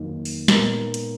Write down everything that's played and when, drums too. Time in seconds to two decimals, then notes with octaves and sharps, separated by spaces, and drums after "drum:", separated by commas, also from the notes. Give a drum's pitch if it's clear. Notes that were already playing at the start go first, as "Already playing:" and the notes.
Already playing: F2 D#3 F#3 A#3 D#4
0.25 drum: open hi-hat
0.48 A#2 G#3 B3 D#4 A#4, drum: snare
0.94 drum: hi-hat